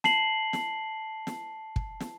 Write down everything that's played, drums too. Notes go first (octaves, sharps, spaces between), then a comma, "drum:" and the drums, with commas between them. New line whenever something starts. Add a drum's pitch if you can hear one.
A5 C7 F#7, drum: snare
drum: snare
drum: snare
drum: kick
drum: snare